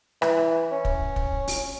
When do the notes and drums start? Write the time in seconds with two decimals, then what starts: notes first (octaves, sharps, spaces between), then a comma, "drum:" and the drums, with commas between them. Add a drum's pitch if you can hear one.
0.22 E3, drum: rim click
0.72 C#4
0.85 drum: kick
1.16 drum: kick
1.48 drum: open hi-hat